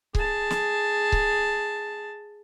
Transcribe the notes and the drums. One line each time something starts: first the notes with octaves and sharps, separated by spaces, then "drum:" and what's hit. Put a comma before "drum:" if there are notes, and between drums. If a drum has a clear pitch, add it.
G#4 A5, drum: kick C#1
drum: snare
drum: kick C#1